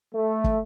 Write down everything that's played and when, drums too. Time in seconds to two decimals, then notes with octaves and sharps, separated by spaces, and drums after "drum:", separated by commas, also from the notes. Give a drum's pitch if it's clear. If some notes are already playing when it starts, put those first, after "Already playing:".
0.14 A3
0.44 drum: kick